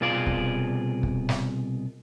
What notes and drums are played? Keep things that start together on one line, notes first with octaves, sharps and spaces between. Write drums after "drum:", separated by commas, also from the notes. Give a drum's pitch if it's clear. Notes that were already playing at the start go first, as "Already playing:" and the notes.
C2 B2 F4 G#4 D5 F5
drum: kick
drum: kick
drum: snare